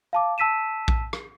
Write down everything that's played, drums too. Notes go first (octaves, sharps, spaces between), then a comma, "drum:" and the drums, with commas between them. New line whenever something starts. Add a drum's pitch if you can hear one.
F5 A5 D6
A5 E6 B6 D#7 E7
drum: kick A#1
drum: rim click